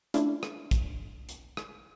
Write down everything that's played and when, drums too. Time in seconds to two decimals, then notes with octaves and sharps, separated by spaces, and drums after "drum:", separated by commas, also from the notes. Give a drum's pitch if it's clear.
0.14 A3 C#4 D4 E4 F4, drum: hi-hat
0.43 drum: rim click
0.71 drum: kick, hi-hat
1.29 drum: hi-hat
1.57 drum: rim click